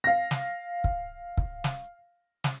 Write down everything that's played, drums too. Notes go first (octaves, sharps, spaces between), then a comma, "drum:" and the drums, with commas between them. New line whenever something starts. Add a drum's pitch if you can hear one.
F5 A#6
drum: snare
drum: kick
drum: kick
drum: snare
drum: snare